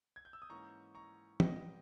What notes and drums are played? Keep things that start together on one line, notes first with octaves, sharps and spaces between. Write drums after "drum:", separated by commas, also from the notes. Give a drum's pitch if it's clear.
G#6
G6
E6
D#6
G#2 E3 A#3 C#4 A#5 C#6
A#5 C#6
G#2 D#3 G3 B3 D#5 G5, drum: tom